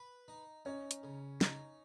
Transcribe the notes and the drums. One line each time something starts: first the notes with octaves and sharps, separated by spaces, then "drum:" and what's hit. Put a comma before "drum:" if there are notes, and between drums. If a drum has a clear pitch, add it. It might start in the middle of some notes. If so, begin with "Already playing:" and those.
Already playing: B4
D#4
C#4 D#4
drum: hi-hat
C#3
D#4, drum: snare